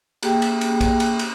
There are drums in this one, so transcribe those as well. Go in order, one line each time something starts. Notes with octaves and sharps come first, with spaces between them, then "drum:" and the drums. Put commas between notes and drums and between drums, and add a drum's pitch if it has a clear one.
A#3 G4 G#4 G5, drum: cymbal
drum: cymbal
drum: cymbal
drum: kick A#1, cymbal
drum: cymbal
drum: cymbal